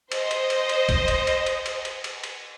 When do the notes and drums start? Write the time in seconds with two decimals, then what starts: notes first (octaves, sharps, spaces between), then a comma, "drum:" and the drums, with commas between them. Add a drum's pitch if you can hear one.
0.12 C5 D#5, drum: cymbal
0.31 drum: cymbal
0.50 drum: cymbal
0.69 drum: cymbal
0.89 drum: kick B1, cymbal
1.08 drum: cymbal
1.27 drum: cymbal
1.46 drum: cymbal
1.66 drum: cymbal
1.85 drum: cymbal
2.04 drum: cymbal
2.24 drum: cymbal